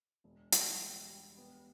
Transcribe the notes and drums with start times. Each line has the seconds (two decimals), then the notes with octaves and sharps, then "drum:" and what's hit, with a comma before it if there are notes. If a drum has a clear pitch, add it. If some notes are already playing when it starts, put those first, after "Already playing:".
0.24 E1
0.52 G3, drum: hi-hat
0.80 E1
1.09 G3
1.37 B3